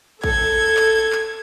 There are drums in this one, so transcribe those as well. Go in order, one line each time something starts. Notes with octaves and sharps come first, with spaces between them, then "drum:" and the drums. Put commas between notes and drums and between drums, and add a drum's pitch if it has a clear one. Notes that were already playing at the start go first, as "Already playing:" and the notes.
A4 G#6, drum: kick A1
drum: clap
drum: clap